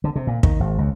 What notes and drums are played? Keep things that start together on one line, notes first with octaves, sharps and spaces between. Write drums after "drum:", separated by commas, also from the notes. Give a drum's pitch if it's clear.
D3
C3
A#2
D#3, drum: kick
G#1
C#2